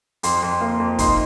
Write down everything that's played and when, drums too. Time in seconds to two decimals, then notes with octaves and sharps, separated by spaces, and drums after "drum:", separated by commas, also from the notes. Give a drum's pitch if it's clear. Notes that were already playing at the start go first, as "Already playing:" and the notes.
0.23 F2 C6, drum: hi-hat
0.43 F2
0.61 A#3
0.80 F2
0.99 D#4 C6, drum: kick, hi-hat